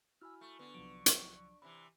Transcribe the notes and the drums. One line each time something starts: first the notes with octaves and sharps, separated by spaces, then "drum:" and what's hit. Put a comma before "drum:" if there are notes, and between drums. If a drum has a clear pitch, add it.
E4 F#4 G#5 B5 E6 F6
A3 C#6
D3 B3 D4 B4
C2 F3 F#3 D7
drum: hi-hat
C3 E3 B5